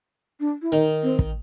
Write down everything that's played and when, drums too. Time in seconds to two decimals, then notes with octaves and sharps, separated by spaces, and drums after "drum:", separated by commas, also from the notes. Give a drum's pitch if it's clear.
0.40 D4
0.62 E4
0.72 D#3 D#4
1.03 C4
1.19 drum: kick